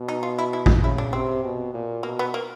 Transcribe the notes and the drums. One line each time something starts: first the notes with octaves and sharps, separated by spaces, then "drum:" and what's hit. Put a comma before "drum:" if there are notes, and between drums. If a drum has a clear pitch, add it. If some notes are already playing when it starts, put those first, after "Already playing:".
Already playing: B2
D#4
F4
E4
E4
drum: kick A1
C#3 E4
D4
C3 C4
B2
A#2
B2 A#3
B3
A#3